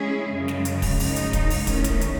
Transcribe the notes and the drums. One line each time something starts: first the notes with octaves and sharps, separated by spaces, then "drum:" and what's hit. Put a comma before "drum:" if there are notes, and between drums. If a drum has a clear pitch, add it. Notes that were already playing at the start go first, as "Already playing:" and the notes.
Already playing: G#3 C#4 E4 G#4
F#2 C#3 G#3
drum: snare
drum: hi-hat
drum: kick, open hi-hat
F#2 C#3 G#3 D#4, drum: open hi-hat
drum: hi-hat
drum: kick, hi-hat
drum: open hi-hat
E2 D#3 A3 C#4, drum: kick, hi-hat
drum: kick, hi-hat
drum: hi-hat